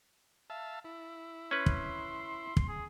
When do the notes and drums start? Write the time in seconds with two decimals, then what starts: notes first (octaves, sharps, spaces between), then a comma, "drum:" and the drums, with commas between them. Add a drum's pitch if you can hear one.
0.50 E5 F5 A5
0.84 E4
1.51 C#4 B4 C6
1.66 drum: kick
2.57 drum: kick
2.68 G#4